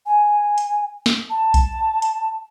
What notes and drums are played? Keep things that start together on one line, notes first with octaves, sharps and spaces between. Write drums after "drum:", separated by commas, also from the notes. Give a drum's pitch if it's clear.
G#5
drum: hi-hat
drum: snare
A5
drum: kick B1, hi-hat
drum: hi-hat